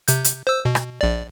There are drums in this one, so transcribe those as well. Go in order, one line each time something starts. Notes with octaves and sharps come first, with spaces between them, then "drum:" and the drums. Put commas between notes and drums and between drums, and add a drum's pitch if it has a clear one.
C3 G6, drum: hi-hat
drum: hi-hat
C5 E6
B2
drum: rim click
A#1 D5